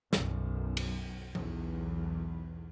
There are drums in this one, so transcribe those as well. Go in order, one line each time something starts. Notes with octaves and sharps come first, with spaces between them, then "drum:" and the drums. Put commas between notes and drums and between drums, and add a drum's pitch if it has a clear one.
B1 F#2, drum: snare
drum: cymbal
B1 E2, drum: tom F3